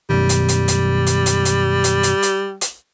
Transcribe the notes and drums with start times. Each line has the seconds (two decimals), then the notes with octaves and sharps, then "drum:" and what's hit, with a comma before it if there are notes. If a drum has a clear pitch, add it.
0.10 F#2 B2 D#3 G3
0.29 drum: hi-hat
0.48 drum: hi-hat
0.68 drum: hi-hat
1.07 drum: hi-hat
1.26 drum: hi-hat
1.45 drum: hi-hat
1.84 drum: hi-hat
2.03 drum: hi-hat
2.23 drum: hi-hat
2.61 drum: hi-hat